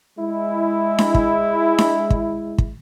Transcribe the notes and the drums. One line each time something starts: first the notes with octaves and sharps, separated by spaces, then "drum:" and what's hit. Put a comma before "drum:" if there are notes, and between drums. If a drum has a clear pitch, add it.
G#3 E4
drum: snare D4
drum: kick
drum: snare D4
drum: kick
drum: kick